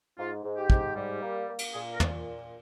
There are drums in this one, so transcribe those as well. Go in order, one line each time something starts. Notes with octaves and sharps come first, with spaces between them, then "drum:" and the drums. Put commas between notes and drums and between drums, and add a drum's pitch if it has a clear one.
G#2 F4
G#2
G4
G#2, drum: kick
G3
A#3
A#3
drum: cymbal
A#2 G#4
A#4
A#2, drum: tom